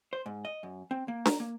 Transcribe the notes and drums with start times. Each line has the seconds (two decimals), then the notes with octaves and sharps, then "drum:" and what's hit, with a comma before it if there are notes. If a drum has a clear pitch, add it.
0.13 C5
0.26 G#2
0.45 D#5
0.63 F#2
0.91 C4
1.08 A#3
1.26 A#5, drum: snare D4
1.40 A#3